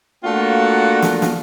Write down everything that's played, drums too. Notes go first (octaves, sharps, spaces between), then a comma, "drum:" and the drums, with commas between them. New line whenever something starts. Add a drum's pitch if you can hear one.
A3 A#3 D4 F4 F#4 F#5
drum: snare
drum: snare